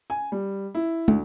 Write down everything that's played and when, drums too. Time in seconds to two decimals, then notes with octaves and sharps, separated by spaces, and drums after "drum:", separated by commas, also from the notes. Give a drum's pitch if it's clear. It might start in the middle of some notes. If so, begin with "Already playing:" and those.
0.10 G#5
0.32 G3
0.75 E4
1.08 D2, drum: tom